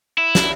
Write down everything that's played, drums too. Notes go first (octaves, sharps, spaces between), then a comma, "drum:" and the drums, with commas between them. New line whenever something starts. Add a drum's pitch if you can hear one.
E4
drum: snare